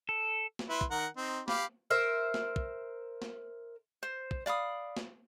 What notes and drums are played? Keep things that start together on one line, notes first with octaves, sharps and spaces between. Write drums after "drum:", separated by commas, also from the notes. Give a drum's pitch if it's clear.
A4
drum: snare
E4 B4 C6
drum: kick
D#3 A#4 F#5
C4 D#4
G4 F5 B5, drum: snare
A#4 C5 E5
drum: snare
drum: kick
drum: snare
C5
drum: kick
D5 F5 B5 D#6
drum: snare